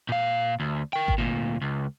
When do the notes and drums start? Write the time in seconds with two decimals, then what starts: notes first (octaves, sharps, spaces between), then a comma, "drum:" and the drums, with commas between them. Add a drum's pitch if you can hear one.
0.09 A#2 F5
0.60 D2
0.93 A#4 G5
1.08 drum: kick G#1
1.18 D2 A#2
1.62 C#2